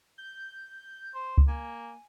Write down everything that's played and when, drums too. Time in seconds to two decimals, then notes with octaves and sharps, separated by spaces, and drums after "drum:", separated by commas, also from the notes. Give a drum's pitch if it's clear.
0.18 G6
1.15 C5
1.38 drum: kick C#2
1.47 A#3 G#5